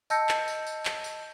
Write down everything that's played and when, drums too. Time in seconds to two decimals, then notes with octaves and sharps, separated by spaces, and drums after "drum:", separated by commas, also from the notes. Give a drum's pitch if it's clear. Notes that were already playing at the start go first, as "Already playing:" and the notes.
0.10 D#5 A5 E6 G6 A#6 C#7, drum: tambourine
0.29 drum: clap
0.48 drum: tambourine
0.67 drum: tambourine
0.85 drum: clap
1.04 drum: tambourine